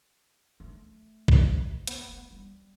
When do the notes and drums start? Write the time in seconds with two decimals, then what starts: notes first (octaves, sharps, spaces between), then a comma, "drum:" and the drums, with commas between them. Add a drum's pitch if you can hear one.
0.60 A3
1.28 drum: kick
1.87 B3, drum: hi-hat
2.09 A3
2.31 G3